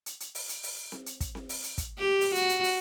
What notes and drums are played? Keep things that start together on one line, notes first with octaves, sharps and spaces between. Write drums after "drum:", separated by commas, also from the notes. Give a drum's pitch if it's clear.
drum: hi-hat
drum: hi-hat
drum: open hi-hat
drum: hi-hat
drum: open hi-hat
drum: snare C4
drum: hi-hat
drum: kick, hi-hat
drum: snare C4
drum: open hi-hat
drum: hi-hat
drum: kick, hi-hat
G4
drum: open hi-hat
F#4, drum: hi-hat
drum: hi-hat
drum: open hi-hat